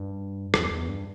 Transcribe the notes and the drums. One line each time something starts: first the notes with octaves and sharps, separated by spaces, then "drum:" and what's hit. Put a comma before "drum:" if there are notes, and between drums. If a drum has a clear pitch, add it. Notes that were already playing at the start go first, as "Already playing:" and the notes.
Already playing: G2
E2, drum: rim click
E2
G2